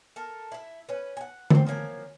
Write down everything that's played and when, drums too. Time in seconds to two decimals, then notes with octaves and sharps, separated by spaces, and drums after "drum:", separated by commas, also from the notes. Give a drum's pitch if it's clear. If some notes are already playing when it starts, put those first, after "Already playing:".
0.16 A4 A#4
0.52 E4 E5
0.89 C#4 B4
1.17 F#5 G#5
1.50 C4 C5, drum: tom D3
1.67 F3 F#3 A#3 G#5